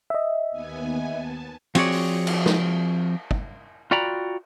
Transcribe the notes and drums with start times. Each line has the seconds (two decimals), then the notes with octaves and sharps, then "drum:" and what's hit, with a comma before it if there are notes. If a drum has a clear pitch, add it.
0.10 D#5 E5
0.51 D#2 B3 G#5
1.15 A5
1.75 F3 C4 F#4 G#4 C#5 D5, drum: cymbal
1.92 drum: open hi-hat
2.27 drum: cymbal
2.46 drum: snare
3.31 drum: kick
3.91 F4 F#4 D5 G5 A#5 B5